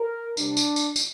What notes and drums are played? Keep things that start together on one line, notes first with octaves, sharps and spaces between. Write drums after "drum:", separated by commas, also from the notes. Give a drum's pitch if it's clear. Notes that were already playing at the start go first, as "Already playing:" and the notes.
Already playing: A#4
C3 G3 C4 D4, drum: tambourine
drum: tambourine
drum: tambourine
drum: tambourine